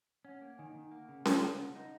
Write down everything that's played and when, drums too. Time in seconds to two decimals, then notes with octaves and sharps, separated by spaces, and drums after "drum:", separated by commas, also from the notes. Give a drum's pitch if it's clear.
0.25 C#4 F#5
0.41 A#3
0.58 D#3 G#5
0.74 D#3
0.91 A#3 F#5
1.09 C#3
1.25 A#3, drum: snare C#4
1.42 C#3
1.58 C#3 F#5
1.74 D#4 D#5